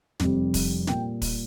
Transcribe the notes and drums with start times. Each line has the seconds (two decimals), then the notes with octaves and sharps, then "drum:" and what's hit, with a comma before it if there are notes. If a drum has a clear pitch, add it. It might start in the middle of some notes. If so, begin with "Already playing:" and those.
0.19 F1 F2 C3 G3, drum: snare
0.54 drum: kick, open hi-hat
0.87 A#2 G3 G5, drum: snare
1.22 drum: kick, open hi-hat